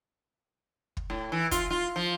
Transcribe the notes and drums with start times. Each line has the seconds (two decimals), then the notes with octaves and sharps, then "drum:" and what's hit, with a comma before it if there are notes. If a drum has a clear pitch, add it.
0.97 drum: kick
1.10 A2
1.32 E3
1.51 F4, drum: kick, hi-hat
1.71 F4
1.96 F3